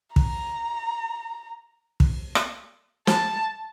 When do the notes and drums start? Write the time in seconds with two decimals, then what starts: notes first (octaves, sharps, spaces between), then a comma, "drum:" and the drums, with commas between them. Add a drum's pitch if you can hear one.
0.16 A#5, drum: kick
2.00 drum: kick
2.35 drum: rim click
3.07 A5, drum: snare